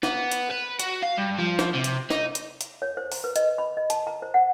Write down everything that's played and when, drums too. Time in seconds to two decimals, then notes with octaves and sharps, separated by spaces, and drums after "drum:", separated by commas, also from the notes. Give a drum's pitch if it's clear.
0.03 B3, drum: snare
0.32 drum: hi-hat
0.50 B4
0.79 F#4, drum: hi-hat
1.03 F5
1.18 G2
1.39 F3
1.59 drum: snare
1.75 C3
1.84 drum: hi-hat
2.11 D#4, drum: snare
2.35 drum: hi-hat
2.61 drum: hi-hat
2.82 C#5
2.97 C5
3.12 A#5, drum: open hi-hat
3.24 B4
3.36 D#5, drum: hi-hat
3.58 B5
3.77 D#5
3.90 A5, drum: hi-hat
4.07 A#5
4.22 C5
4.34 F#5